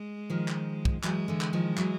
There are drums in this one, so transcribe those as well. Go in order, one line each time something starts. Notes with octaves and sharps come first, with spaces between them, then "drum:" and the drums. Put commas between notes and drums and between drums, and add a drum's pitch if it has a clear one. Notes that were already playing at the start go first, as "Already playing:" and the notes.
Already playing: G#3
D#3 F3
drum: clap
drum: kick
E3 F#3 G#3, drum: clap
D3 E3
drum: clap
D#3 F3
E3 F#3, drum: clap